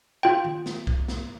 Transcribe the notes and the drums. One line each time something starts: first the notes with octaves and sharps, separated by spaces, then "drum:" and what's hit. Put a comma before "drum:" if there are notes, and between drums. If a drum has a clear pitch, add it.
F4 G5
drum: tom D#3
drum: snare
drum: kick
drum: snare